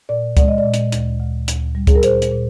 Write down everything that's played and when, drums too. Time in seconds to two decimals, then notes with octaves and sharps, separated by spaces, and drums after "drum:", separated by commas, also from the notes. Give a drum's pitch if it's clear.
0.09 A#2 D5
0.37 G#3 D5, drum: kick C#2, hi-hat
0.48 D#5
0.58 D5
0.64 A#2
0.74 drum: hi-hat
0.92 D2, drum: hi-hat
1.19 D2
1.48 D2, drum: hi-hat
1.75 G3
1.87 G#4, drum: kick C#2, hi-hat
1.95 A#4
2.03 A#2 C5, drum: hi-hat
2.22 drum: hi-hat
2.32 A#2